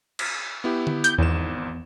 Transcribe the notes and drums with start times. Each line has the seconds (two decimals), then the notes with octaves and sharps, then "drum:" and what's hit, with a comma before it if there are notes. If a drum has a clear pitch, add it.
0.19 drum: cymbal
0.64 B3 E4 G4
0.87 drum: tom D3
1.04 G6, drum: hi-hat
1.18 G#1 E2 G#2 E7